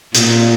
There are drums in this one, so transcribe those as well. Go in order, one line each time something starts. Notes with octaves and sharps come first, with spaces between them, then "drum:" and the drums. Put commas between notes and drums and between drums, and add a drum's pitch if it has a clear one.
A#2, drum: hi-hat